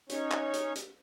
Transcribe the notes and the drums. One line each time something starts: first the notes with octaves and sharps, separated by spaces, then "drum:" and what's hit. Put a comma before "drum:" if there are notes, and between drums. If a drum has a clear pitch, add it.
C#4 D#4 C#5, drum: hi-hat
drum: clap
drum: hi-hat
drum: hi-hat